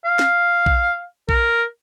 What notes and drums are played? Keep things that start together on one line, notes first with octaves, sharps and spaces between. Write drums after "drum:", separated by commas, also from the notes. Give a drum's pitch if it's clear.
F5
drum: snare
drum: kick A#1
A#4, drum: kick A#1